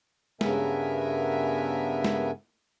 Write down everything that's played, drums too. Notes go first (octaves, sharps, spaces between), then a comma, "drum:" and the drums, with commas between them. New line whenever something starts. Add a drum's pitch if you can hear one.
G2 C#3 B3 A#4 E5 G#5, drum: snare
drum: snare